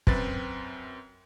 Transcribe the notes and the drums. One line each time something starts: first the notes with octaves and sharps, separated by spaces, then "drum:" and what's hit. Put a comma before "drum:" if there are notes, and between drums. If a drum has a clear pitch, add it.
F#2 C4 B4 A6, drum: kick